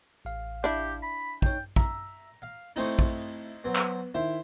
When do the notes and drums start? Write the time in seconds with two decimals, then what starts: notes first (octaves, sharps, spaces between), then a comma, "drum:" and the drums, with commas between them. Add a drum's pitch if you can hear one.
0.25 A1 F5
0.64 D4 E4 G4
1.03 B5
1.42 D#4 C#5 G5, drum: kick
1.76 E5 A#5, drum: kick
2.42 F5
2.76 A3 C4 D#4 E4 C5 C#6, drum: cymbal
2.99 drum: kick
3.64 F#3 B3 C4
3.75 drum: clap
4.14 D#3 E4 C5 E5